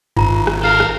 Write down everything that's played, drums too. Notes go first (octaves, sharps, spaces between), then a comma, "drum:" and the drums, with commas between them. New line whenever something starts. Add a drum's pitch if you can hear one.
G#1 F4 A#5, drum: tom G2
drum: rim click
A4 A#4 F5
drum: rim click